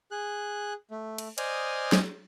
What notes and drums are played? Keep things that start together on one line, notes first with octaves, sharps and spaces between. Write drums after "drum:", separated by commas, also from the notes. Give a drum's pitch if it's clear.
G#4 F#6
A3
drum: cymbal
C5 D5 D#5 G#5 D#6 F6, drum: cymbal
drum: snare